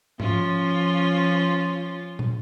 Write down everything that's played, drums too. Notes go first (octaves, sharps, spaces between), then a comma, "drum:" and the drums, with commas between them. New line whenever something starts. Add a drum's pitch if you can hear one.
F3 C#4 F4, drum: tom G#2
drum: tom